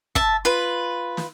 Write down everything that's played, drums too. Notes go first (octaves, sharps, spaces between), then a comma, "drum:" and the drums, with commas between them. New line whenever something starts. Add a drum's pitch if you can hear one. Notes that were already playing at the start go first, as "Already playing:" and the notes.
E5 A5, drum: kick
F4 B4
drum: snare